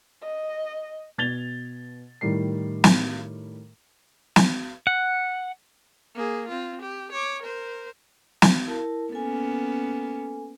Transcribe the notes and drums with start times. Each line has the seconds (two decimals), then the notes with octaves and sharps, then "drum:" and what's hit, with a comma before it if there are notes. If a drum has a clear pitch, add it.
0.22 D#5
1.18 B2 G#6 A6 F7 G7
2.21 A2 D#3 G3 A#4 C7
2.84 drum: snare
4.36 drum: snare
4.87 F#5
6.15 A#3 G#4
6.48 C4 F4
6.81 G4
7.12 C#5 D6
7.42 A#4 C5
8.42 drum: snare
8.67 E4 A#4 A5
9.12 A#3 B3 C#4 A4 G#5